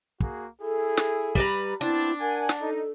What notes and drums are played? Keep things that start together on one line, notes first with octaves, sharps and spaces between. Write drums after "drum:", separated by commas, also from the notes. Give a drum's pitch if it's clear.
A#3 F#4 G#4, drum: kick
E4 G#4 A4
drum: snare
G3 B4 A#5, drum: kick
B3 C4 D4 E4 A5
A#4 F#5 G#5
drum: snare
D#4 A4